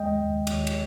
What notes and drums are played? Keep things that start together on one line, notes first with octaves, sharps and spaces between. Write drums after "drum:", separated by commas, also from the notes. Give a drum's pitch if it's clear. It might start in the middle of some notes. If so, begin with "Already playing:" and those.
Already playing: D#2 G#3 D#5 G5
D#2
D#2, drum: cymbal
drum: cymbal